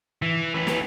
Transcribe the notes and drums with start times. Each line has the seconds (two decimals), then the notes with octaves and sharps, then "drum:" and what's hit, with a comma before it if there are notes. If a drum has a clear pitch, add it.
0.22 E3
0.54 C#4 B4
0.67 drum: snare